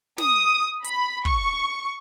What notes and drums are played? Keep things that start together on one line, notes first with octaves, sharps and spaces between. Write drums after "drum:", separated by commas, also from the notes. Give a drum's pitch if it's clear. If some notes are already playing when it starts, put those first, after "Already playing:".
D#6, drum: snare
B5, drum: hi-hat
C#6, drum: kick